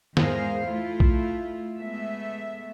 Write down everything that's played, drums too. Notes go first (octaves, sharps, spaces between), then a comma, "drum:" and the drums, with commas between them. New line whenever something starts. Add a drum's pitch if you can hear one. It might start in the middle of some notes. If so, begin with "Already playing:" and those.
E2 G#2 G#4 A#4 C5 F5, drum: snare
A3 E4 F4
drum: kick A#1
G#3 A3 B3 E5